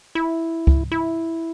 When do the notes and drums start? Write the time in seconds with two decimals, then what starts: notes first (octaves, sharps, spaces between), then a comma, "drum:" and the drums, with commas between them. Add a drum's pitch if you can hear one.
0.15 E4
0.67 drum: kick C#2
0.92 E4